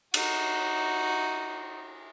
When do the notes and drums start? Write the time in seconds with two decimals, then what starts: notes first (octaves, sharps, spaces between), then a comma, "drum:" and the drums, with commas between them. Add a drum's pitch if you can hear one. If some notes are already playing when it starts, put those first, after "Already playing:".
0.14 D#4 F#4, drum: cymbal